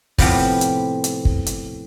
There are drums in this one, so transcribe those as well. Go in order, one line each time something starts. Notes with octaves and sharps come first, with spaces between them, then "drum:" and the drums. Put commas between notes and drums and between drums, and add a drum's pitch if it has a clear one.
A2 C3 F3 B3 C4 G4, drum: kick, open hi-hat
drum: hi-hat
drum: hi-hat
drum: kick
drum: hi-hat